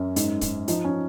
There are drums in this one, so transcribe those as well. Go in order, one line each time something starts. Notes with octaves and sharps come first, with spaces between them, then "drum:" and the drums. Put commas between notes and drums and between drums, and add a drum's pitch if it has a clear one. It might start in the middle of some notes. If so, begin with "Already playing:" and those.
Already playing: F#2 C#4
G#2, drum: hi-hat
G#2, drum: kick C#1, hi-hat
F3 D#4, drum: hi-hat
C#4